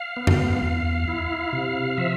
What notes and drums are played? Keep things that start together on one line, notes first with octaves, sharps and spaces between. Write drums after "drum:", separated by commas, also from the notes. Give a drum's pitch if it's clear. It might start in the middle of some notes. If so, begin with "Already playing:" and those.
Already playing: F5
B3
drum: tom F2
E2
E4
C3
F3 E5